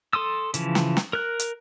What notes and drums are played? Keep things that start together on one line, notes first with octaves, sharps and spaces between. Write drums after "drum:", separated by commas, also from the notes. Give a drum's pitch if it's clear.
A4 C6 D#6 E6
C#3 E3 F3, drum: hi-hat
drum: snare
drum: snare
A#4 F#6
drum: hi-hat